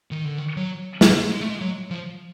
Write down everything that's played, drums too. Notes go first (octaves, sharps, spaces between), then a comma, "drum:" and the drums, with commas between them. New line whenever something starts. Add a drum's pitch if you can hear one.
D#3
D3
D#3
F#3
A3, drum: snare
G#3
A3
G#3
F#3
F3